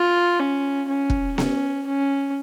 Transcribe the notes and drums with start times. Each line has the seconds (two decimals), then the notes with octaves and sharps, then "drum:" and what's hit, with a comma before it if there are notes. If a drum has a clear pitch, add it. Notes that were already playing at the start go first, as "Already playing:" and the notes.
Already playing: F4
0.40 C#4
0.89 C#4
1.10 drum: kick
1.38 C#4, drum: snare B3
1.87 C#4